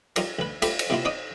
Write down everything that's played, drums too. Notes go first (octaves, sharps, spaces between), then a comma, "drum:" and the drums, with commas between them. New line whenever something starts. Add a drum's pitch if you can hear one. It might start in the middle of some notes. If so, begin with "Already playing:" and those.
D#4 F4 G4 A#4 D5, drum: cymbal
D2 B4
A3 F4 G4 B5, drum: cymbal
drum: cymbal
C3 D#3 A#3 E4 F4
C4 D#4 D5 D#5 G5 D#6